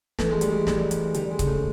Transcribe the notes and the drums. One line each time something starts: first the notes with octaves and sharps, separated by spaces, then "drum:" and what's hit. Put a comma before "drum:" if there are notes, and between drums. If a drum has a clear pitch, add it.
E3 A3, drum: snare
G#3
G3, drum: hi-hat
G#3
G3, drum: snare
drum: hi-hat
D3 G3, drum: hi-hat
G#3
C#3, drum: kick C#1, hi-hat
A3